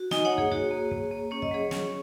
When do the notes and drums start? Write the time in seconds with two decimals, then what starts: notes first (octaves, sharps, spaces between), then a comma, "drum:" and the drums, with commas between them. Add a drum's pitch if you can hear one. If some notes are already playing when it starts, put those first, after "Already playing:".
Already playing: F#4
0.11 D#4 D#5 G#5, drum: snare
0.25 C#5 F#5
0.31 A#3
0.38 G#4 C#5, drum: kick
0.51 F#4 G#4 C#5, drum: kick
0.71 A#3
0.91 A#3, drum: kick
1.11 A#3
1.31 C#4 C#5
1.42 D#5, drum: kick
1.51 F#3 G#4 C#5
1.71 C#4, drum: snare